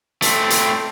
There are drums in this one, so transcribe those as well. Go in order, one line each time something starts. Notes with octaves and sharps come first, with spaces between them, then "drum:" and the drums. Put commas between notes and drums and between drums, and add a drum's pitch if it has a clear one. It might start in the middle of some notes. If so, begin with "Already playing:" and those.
A3 C4, drum: hi-hat
drum: hi-hat